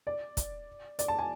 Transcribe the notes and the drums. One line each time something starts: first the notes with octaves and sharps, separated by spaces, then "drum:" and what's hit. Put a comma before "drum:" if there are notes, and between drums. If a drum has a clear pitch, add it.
D5
drum: kick, hi-hat
D5, drum: hi-hat
A5
G#5